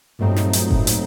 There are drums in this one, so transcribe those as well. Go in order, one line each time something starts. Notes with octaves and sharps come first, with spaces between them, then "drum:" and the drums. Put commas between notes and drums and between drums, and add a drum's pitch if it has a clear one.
G2 A#2 F#3 A3 C4 D#4
drum: snare
drum: hi-hat
A2, drum: kick F#1
drum: hi-hat